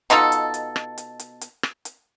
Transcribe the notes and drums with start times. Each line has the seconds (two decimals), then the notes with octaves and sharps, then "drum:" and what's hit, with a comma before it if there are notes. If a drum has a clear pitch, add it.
0.10 B2 D#4 F4 A4, drum: hi-hat
0.32 drum: hi-hat
0.54 drum: hi-hat
0.76 drum: rim click
0.98 drum: hi-hat
1.19 drum: hi-hat
1.41 drum: hi-hat
1.63 drum: rim click
1.85 drum: hi-hat